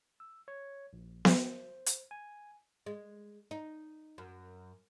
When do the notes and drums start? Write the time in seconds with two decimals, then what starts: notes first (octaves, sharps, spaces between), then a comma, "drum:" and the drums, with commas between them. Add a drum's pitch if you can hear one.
0.20 E6
0.48 C#5
0.93 A#1
1.25 C5, drum: snare B3
1.86 drum: hi-hat
2.11 G#5
2.86 G#3
3.51 D#4
4.18 F#2